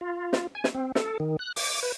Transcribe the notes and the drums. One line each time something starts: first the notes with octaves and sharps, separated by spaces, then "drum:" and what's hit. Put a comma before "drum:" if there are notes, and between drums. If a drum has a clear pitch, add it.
F4
drum: snare
G#5
drum: snare
C4
A4, drum: snare
D#3
F#6
D6, drum: open hi-hat
B4